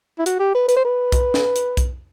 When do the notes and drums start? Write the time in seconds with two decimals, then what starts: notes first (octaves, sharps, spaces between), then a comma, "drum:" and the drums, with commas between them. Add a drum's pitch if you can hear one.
0.19 E4
0.26 F#4, drum: hi-hat
0.40 G4
0.55 B4
0.69 B4, drum: hi-hat
0.77 C5
0.85 B4
1.12 drum: kick B1, hi-hat
1.34 drum: snare
1.56 drum: hi-hat
1.77 drum: kick B1, hi-hat